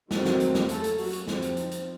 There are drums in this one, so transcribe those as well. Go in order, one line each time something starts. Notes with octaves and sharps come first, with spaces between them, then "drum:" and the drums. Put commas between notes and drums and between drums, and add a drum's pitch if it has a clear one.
D#3 F#3 A3 C4, drum: snare
drum: snare
drum: hi-hat
drum: snare
F#3 A3 A#3 C#4 A4, drum: hi-hat
drum: hi-hat
F#3 F#4, drum: open hi-hat
drum: hi-hat
F3 C4, drum: snare
drum: hi-hat
D#4, drum: hi-hat
drum: hi-hat